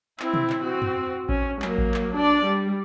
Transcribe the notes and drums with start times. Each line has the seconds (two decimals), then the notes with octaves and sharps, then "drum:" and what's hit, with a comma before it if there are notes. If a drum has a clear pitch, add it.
0.20 C4 E4, drum: clap
0.34 drum: tom
0.50 drum: clap
0.64 C4 F#4
0.82 drum: tom
1.29 C#4, drum: kick A1
1.62 F#3 A#3, drum: clap
1.78 drum: kick A1
1.94 drum: clap
2.16 D4 D5
2.46 G3